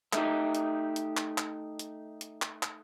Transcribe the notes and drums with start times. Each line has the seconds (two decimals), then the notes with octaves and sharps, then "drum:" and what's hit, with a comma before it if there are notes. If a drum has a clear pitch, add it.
0.13 A3 D#4 G4, drum: clap
0.55 drum: hi-hat
0.96 drum: hi-hat
1.17 drum: clap
1.38 drum: clap
1.79 drum: hi-hat
2.21 drum: hi-hat
2.42 drum: clap
2.63 drum: clap